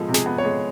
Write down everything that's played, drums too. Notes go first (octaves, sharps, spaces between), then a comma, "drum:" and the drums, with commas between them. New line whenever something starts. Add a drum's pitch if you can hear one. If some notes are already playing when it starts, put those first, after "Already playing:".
Already playing: F3 G#3 B3 A4
C3
G#4, drum: snare
B3
C#5
G#3